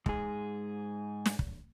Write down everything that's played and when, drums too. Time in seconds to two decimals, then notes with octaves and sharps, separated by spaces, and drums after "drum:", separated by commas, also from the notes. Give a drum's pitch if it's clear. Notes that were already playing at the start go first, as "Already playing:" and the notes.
0.06 G#2 G#4, drum: kick
1.26 drum: snare
1.39 drum: kick